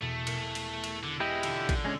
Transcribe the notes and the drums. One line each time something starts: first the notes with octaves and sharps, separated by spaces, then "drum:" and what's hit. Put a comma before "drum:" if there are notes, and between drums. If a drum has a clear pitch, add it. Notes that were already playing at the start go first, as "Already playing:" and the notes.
E2 B2 A3
E1 A#4, drum: cymbal
drum: cymbal
drum: cymbal
D3
E3 G#3 E4 G4 D#5
E1 D3 C#4 F4, drum: cymbal
drum: kick, cymbal
G#3 C4 C#4